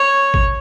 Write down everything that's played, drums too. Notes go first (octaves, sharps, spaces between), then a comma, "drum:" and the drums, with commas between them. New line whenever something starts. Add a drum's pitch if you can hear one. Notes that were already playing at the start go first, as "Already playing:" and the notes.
Already playing: C#5
drum: kick